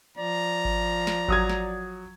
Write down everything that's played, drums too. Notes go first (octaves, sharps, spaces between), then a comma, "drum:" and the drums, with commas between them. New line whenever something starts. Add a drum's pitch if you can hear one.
F3 D5 A#5
drum: kick G#1
drum: snare
F#3 D#6 G#6, drum: kick G#1
drum: snare